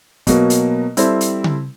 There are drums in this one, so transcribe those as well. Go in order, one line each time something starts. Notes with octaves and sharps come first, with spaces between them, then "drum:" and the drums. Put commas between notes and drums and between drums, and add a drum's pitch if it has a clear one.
B2 F#3 A#3, drum: kick, hi-hat
drum: hi-hat
G3 C4 E4 A4 C5, drum: hi-hat
drum: hi-hat
drum: tom C#3